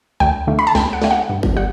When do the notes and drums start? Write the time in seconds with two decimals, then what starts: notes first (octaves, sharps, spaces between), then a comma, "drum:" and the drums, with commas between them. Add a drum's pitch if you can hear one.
0.20 D2 G5
0.47 D3 A3
0.59 B5
0.67 A5
0.75 D2 G5, drum: snare
0.93 F#5
1.02 D3 A3 G5, drum: snare
1.11 F#5
1.30 G2
1.43 drum: kick G1
1.56 G3 F#5